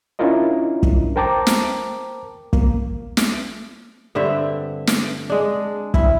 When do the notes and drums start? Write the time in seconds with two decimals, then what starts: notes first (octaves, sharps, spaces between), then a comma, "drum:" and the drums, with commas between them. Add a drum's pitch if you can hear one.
0.19 C#4 D4 E4 F4 A#4 D#5
0.83 drum: kick
1.16 A#4 C5 G5 A5 A#5 D6
1.47 drum: snare
2.53 A#3, drum: kick
3.17 drum: snare
4.15 G2 D3 C4 E5
4.87 drum: snare
5.30 G#3 D4
5.94 E4, drum: kick